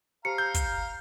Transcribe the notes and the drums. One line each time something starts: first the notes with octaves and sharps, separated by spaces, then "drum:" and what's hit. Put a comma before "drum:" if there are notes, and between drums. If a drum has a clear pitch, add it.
G4 C5 F5 A5 A#5 C#7
E6 G6
drum: kick, hi-hat